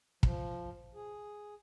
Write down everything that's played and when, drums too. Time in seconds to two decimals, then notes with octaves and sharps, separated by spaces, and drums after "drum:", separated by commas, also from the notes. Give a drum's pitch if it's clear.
0.23 F3, drum: kick
0.95 G#4